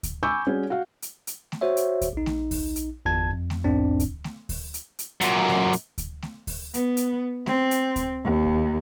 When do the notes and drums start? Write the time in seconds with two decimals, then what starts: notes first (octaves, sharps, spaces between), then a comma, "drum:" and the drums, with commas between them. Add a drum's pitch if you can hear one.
0.03 drum: kick D2, hi-hat
0.23 G#5 B5 C#6 D6 E6 G6
0.47 G3 C#4 F#4 G#4
0.70 F#4 F5
1.02 drum: hi-hat
1.27 drum: hi-hat
1.52 drum: snare A3
1.61 F#4 C5 C#5 E5
1.77 drum: hi-hat
2.01 drum: kick D2, hi-hat
2.13 A#1 D#4
2.26 drum: snare A3
2.51 drum: kick D2, open hi-hat
2.76 drum: hi-hat
3.05 G1 E2 A5 G#6
3.33 F2
3.50 drum: snare A3
3.64 B1 E2 G#2 C4 D4
4.00 drum: kick D2, hi-hat
4.24 drum: snare A3
4.49 drum: kick D2, open hi-hat
4.74 drum: hi-hat
4.99 drum: hi-hat
5.21 F#2 A#2, drum: hi-hat
5.48 drum: snare A3
5.73 drum: hi-hat
5.98 drum: kick D2, hi-hat
6.22 drum: snare A3
6.47 drum: kick D2, open hi-hat
6.74 B3, drum: hi-hat
6.97 drum: hi-hat
7.46 C4, drum: snare A3
7.71 drum: hi-hat
7.96 drum: kick D2, hi-hat
8.24 D#2
8.45 drum: kick D2